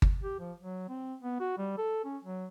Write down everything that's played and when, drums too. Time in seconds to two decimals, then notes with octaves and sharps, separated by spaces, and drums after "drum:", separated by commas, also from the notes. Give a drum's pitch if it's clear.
0.02 drum: kick G1
0.23 G4
0.40 F3
0.60 F#3
0.89 C4
1.23 B3
1.40 F#4
1.58 G3
1.78 A4
2.05 C#4
2.24 F#3